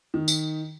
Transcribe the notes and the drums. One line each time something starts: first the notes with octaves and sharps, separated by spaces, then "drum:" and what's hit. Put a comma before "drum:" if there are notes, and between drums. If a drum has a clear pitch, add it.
D#3
drum: tambourine